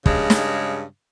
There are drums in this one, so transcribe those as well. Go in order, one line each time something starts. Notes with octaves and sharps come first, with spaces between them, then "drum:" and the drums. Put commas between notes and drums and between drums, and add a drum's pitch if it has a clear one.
G2 C#3 G#3, drum: kick
drum: snare